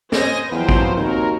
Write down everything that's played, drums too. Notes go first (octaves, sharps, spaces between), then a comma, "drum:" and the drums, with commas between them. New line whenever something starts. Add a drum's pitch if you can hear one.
C5 D#5 G#5 A#6, drum: snare
E2 F3 F#3 B4 C5 F5 G5
drum: kick
D#2 F#3 C4 F#4 A#4